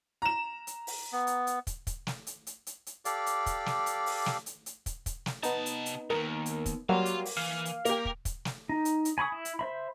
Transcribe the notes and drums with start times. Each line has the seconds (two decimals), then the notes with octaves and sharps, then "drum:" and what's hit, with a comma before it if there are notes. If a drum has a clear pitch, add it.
0.22 A#5 E7
0.67 drum: hi-hat
0.87 drum: open hi-hat
1.13 B3
1.27 drum: hi-hat
1.47 drum: hi-hat
1.67 drum: kick, hi-hat
1.87 drum: kick, hi-hat
2.07 drum: snare
2.27 drum: hi-hat
2.47 drum: hi-hat
2.67 drum: hi-hat
2.86 drum: hi-hat
3.05 G4 A4 D5 F5, drum: hi-hat
3.26 drum: hi-hat
3.46 drum: kick, hi-hat
3.66 drum: snare
3.86 drum: hi-hat
4.06 drum: open hi-hat
4.26 drum: snare
4.46 drum: hi-hat
4.66 drum: hi-hat
4.86 drum: kick, hi-hat
5.06 drum: kick, hi-hat
5.26 drum: snare
5.43 C3 B3 D#4 A5, drum: hi-hat
5.66 drum: hi-hat
5.86 drum: hi-hat
6.10 D#2 G#2 A#4
6.46 drum: hi-hat
6.66 drum: kick, hi-hat
6.89 F#3 G3 A#3 F5 C6
7.06 drum: hi-hat
7.25 drum: open hi-hat
7.37 E3 F5
7.65 drum: hi-hat
7.85 A#3 G4 A#4, drum: hi-hat
8.05 drum: kick
8.25 drum: kick, hi-hat
8.45 drum: snare
8.69 D#4
8.85 drum: hi-hat
9.05 drum: hi-hat
9.18 G#5 B5 C#6 D#6
9.32 E4
9.45 drum: hi-hat
9.59 C5 E5 B5